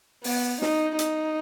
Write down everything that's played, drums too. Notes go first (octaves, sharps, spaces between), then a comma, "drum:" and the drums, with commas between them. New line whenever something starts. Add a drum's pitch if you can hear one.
B3, drum: open hi-hat
D#4, drum: snare
D#4, drum: hi-hat